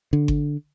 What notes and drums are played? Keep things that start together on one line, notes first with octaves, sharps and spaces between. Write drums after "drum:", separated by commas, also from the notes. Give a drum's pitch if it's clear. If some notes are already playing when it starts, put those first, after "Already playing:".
D3
drum: kick G1